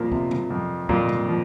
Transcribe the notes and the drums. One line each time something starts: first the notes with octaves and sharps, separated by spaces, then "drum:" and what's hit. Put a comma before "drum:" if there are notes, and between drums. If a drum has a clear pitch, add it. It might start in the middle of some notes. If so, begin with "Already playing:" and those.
Already playing: F2 A#2 F3 A#3
C3, drum: kick
drum: tom B2
F2
F2 A#2 A#3, drum: kick
drum: tom B2
F3